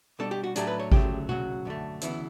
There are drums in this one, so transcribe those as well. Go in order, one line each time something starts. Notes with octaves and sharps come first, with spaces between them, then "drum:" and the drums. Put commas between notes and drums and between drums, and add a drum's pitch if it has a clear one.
B2 G3 D4 A4
G4
F#4
A2 F#3 A3 D4 G4, drum: hi-hat
B4
C#5
D2 C#3 F#3 A3 G4, drum: kick G#1
D2 C#3 F#3 F#4, drum: tom B2
F#2 D3 A3
D2 C#3 E3 B3 E4, drum: hi-hat